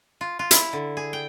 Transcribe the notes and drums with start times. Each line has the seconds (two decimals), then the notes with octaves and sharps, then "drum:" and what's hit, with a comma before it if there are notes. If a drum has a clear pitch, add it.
0.21 F4
0.39 F4
0.51 E4, drum: hi-hat
0.73 D3
0.97 G#4
1.13 G5